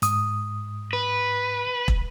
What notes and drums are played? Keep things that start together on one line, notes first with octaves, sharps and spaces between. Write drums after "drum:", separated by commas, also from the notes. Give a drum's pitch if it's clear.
G#2 D#6, drum: hi-hat
B4
drum: kick